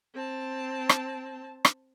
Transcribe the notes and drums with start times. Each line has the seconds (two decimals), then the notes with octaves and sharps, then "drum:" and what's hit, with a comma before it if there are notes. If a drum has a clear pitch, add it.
0.14 C4 A5
0.89 drum: rim click
1.65 drum: rim click